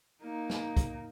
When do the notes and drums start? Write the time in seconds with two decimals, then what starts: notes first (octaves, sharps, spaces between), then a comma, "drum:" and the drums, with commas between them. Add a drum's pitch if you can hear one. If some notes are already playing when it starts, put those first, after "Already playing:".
0.22 A#3 D#4
0.50 drum: snare
0.77 drum: kick, hi-hat